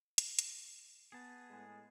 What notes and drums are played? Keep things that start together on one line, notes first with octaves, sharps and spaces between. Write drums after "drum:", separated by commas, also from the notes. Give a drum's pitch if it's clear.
drum: hi-hat
drum: hi-hat
B3 G#4 A5
A2 G#3